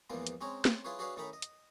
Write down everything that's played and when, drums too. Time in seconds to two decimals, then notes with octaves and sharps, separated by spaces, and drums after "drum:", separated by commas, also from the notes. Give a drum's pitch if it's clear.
0.10 E2 G#2 E3 F3 A#3 B3
0.27 drum: hi-hat
0.41 G#3 C4 C#4 C#5 A#5
0.65 drum: snare
0.84 E4 F4 G#4 B4 C#5
0.99 D4 F#4 G#4 B4 C#5 F5
1.16 A2 D#3 C#4 D#4 A#5 B5
1.33 D#5
1.42 drum: hi-hat